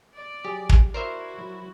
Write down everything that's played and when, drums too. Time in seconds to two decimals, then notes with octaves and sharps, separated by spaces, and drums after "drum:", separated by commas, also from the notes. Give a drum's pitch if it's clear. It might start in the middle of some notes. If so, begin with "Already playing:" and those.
0.14 D5
0.45 F#3 G4 G#4
0.69 drum: kick
0.94 E4 F#4 A#4 C5 D5 E5 C7
1.38 F#3